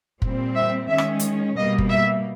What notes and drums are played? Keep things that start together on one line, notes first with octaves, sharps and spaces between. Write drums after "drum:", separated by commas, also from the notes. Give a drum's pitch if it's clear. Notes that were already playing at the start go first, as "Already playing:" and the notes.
A#2 G3 C4, drum: kick
E5
D#3 G#3 C#4 E5
drum: rim click
drum: hi-hat
B2 G3 A#3 D#5
drum: kick
E5